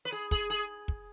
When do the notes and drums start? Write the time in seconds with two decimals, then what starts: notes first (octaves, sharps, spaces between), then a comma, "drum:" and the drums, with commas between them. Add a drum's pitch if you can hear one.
0.05 B4
0.12 G#4
0.31 G#4, drum: kick
0.50 G#4
0.88 drum: kick